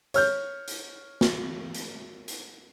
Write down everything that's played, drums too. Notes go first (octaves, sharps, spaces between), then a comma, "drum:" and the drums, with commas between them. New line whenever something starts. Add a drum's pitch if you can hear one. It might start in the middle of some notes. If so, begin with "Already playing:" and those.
C#5 F6 G6, drum: hi-hat
drum: hi-hat
drum: snare
drum: hi-hat
drum: hi-hat